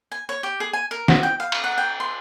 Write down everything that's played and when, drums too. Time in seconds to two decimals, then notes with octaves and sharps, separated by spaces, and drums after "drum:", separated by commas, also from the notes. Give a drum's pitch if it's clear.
0.12 G#5
0.29 C#5
0.43 G4
0.60 G#4
0.73 G#5
0.91 A#4
1.08 F#4, drum: snare
1.23 G5
1.40 F5
1.52 drum: cymbal
1.64 F#5
1.78 G5
2.00 C6